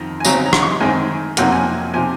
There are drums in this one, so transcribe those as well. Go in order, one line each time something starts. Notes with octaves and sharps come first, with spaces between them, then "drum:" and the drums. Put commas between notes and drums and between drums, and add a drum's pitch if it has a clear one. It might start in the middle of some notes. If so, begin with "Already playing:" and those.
Already playing: F2 D#3
G#5
C#3 F#3 C4 A#5, drum: tambourine
A#5
C6, drum: rim click
C#6
C6
F#2 D#3 G#3 C4 G#5
F2 C3 F#3 A#3 F#5, drum: hi-hat
G#5
C3 F3 G#5